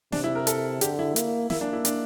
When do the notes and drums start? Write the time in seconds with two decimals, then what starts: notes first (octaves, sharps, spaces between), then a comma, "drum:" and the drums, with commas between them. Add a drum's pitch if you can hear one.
0.12 C3 D4, drum: snare
0.24 E4
0.35 A#4
0.47 A4, drum: hi-hat
0.81 D3 G4, drum: hi-hat
0.99 E4
1.16 A#3, drum: hi-hat
1.50 A#3 E4, drum: snare
1.61 D4
1.73 E4
1.85 D4, drum: hi-hat